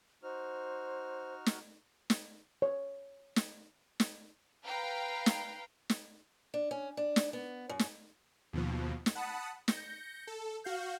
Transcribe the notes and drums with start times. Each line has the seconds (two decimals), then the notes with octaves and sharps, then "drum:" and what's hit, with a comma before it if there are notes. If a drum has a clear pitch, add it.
0.23 D#4 F#4 C5 F6
1.46 drum: snare
2.10 drum: snare
2.62 C#5
3.36 drum: snare
4.00 drum: snare
4.64 B4 F5 G5 A#5
5.26 drum: snare
5.90 drum: snare
6.54 D4
6.71 C#4
6.97 D4
7.16 drum: snare
7.33 B3
7.69 F#2
7.79 drum: snare
8.53 D#2 B2 F3
9.06 drum: snare
9.15 F#5 A5 B5 D#6 C#7
9.68 G6 A#6 C#7, drum: snare
10.27 A4
10.64 F#4 F5 G6